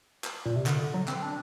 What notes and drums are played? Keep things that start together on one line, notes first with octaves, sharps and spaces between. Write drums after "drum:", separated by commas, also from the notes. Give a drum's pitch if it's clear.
drum: clap
A#2
C3
D3, drum: clap
D3
F#3
C4, drum: clap
D4